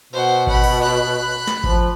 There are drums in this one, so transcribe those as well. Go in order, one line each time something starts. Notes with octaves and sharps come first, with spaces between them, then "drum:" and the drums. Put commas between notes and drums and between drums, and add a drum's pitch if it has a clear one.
B2 C5 F#5
F#5 B5, drum: kick G#1
drum: cymbal
B5 F#6
drum: snare
F3, drum: kick G#1